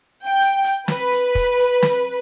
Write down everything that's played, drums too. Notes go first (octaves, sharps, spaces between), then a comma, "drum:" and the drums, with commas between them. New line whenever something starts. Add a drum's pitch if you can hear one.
G5
drum: hi-hat
drum: hi-hat
B4, drum: snare
drum: hi-hat
drum: kick, hi-hat
drum: hi-hat
drum: snare